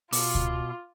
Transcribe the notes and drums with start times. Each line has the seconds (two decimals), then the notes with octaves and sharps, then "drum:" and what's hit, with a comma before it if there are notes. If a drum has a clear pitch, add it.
0.13 B2 F4 D6, drum: open hi-hat
0.35 drum: kick C#2